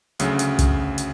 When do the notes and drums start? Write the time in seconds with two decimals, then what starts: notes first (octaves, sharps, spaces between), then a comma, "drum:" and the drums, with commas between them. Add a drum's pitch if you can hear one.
0.19 D2 C#3 F#3, drum: hi-hat
0.39 drum: hi-hat
0.59 drum: kick, hi-hat
0.98 drum: hi-hat